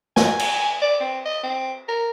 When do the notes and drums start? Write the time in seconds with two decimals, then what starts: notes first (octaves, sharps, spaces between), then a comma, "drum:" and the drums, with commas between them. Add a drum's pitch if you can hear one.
0.17 G#5, drum: snare
0.39 drum: cymbal
0.82 D5
1.01 C4
1.25 D#5
1.44 C4
1.88 A#4